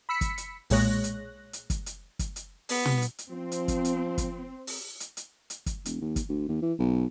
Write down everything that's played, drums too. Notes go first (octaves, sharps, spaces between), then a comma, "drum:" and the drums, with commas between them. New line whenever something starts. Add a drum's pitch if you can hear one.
B5 E6 B6 C#7
drum: kick, hi-hat
drum: hi-hat
B1 A#2 G#3 C#5 F#6 A#6, drum: open hi-hat
drum: hi-hat
drum: hi-hat
drum: kick, hi-hat
drum: hi-hat
drum: kick, hi-hat
drum: hi-hat
B3, drum: open hi-hat
drum: tom
drum: hi-hat
drum: hi-hat
F3 C4
drum: hi-hat
drum: kick, hi-hat
drum: hi-hat
drum: kick, hi-hat
drum: open hi-hat
drum: hi-hat
drum: hi-hat
drum: hi-hat
drum: kick, hi-hat
E1, drum: hi-hat
D#2
drum: kick, hi-hat
D2
D#2
E3
B1